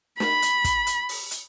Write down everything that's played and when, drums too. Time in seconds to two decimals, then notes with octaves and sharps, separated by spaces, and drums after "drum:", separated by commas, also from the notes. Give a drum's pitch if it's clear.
0.20 B5, drum: snare
0.42 drum: hi-hat
0.64 drum: kick, hi-hat
0.87 drum: hi-hat
1.09 drum: open hi-hat
1.31 drum: hi-hat